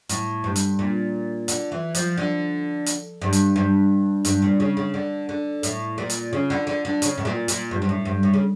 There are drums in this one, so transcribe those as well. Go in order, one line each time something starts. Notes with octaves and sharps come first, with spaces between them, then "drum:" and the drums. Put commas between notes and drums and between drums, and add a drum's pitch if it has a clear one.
A2, drum: hi-hat
G2
drum: hi-hat
A#2
D3, drum: hi-hat
E3
F3, drum: hi-hat
D3
drum: hi-hat
G2
drum: hi-hat
G2
G2, drum: hi-hat
A#2
C#3
C#3
D3
D3
A2, drum: hi-hat
A#2
drum: hi-hat
C#3
D3
D3
D3
C#3, drum: hi-hat
A2
A#2
A#2, drum: hi-hat
G2
G2
A2
G2
A2
C#3